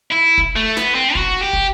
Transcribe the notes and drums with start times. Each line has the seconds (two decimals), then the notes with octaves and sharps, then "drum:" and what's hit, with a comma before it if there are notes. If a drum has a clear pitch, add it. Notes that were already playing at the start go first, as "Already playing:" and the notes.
0.12 E4
0.38 drum: kick
0.56 A3
0.77 B3, drum: snare
0.95 C4
1.15 F#4, drum: kick
1.41 G4
1.53 drum: kick